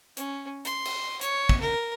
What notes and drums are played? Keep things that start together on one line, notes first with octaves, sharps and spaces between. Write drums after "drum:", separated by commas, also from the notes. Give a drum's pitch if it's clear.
C#4, drum: hi-hat
C6, drum: hi-hat
drum: cymbal
C#5, drum: hi-hat
drum: kick
A#4